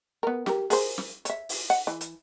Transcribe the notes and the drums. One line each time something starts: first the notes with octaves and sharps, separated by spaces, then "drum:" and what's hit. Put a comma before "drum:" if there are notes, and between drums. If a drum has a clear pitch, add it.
B3 A#4
G4 A#4, drum: snare
G#4 A#4 C5, drum: open hi-hat
drum: snare
C#5 E5, drum: hi-hat
drum: open hi-hat
F#5
E3
drum: hi-hat